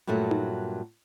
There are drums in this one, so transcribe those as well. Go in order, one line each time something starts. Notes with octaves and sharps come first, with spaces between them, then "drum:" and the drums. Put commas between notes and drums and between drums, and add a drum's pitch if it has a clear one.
G2 A#2 F#3 A3 F#4
drum: tom D#4